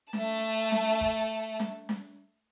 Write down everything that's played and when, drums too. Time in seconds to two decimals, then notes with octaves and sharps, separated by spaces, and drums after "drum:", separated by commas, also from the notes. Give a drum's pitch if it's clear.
0.13 A3 A5, drum: snare
0.72 drum: snare
1.01 drum: kick
1.60 drum: snare
1.89 drum: snare